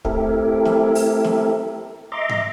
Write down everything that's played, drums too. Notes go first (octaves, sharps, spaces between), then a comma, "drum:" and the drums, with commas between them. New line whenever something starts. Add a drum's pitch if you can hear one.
A3 C4 E4 G4 A4 A#4, drum: kick
drum: snare
drum: open hi-hat
drum: snare
D#5 E5 A#5 C6 D6
drum: tom G#2